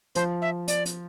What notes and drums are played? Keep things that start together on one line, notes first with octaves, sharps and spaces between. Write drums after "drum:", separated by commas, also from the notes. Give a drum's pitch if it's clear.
F3 C5, drum: hi-hat
E5
D5, drum: hi-hat
drum: hi-hat